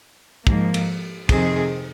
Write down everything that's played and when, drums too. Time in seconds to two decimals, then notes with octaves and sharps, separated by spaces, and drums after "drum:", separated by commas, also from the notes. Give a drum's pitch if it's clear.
0.47 G#2 F3 A#3, drum: kick
0.74 drum: cymbal
1.29 F2 C3 D#3 C4 G#4, drum: kick, cymbal